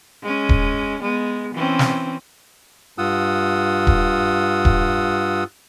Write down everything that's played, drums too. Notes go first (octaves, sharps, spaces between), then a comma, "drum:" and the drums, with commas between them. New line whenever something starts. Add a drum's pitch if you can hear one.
G#3 C#4
drum: kick D#1
G#3 B3
E3 C4 C#4
drum: snare
G2 F4 F#5 D#6 E6
drum: kick D#1
drum: kick D#1